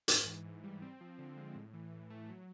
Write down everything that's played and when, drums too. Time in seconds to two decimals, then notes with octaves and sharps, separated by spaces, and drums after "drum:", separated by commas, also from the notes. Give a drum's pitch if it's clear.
0.08 G#2, drum: hi-hat
0.26 E3
0.45 G#2
0.63 G3
0.82 C4
1.01 F3
1.18 D3
1.37 G#3
1.55 A2
1.73 E3
1.92 A2
2.10 A3
2.29 F#3